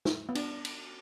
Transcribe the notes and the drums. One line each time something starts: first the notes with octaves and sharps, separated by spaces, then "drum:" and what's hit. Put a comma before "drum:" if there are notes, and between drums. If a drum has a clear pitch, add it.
drum: snare
B3
D4, drum: cymbal
drum: cymbal